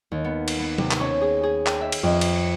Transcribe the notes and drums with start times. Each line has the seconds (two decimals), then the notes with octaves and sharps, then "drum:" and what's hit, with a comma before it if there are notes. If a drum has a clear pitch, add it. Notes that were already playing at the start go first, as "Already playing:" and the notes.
0.12 D#2
0.24 B3
0.48 drum: cymbal
0.60 B3
0.78 C3, drum: tom F#3
0.91 drum: clap
1.00 C#4
1.21 G#4
1.43 G#4
1.66 G5, drum: clap
1.81 E5
1.92 drum: cymbal
2.03 F2
2.21 drum: cymbal
2.36 C#7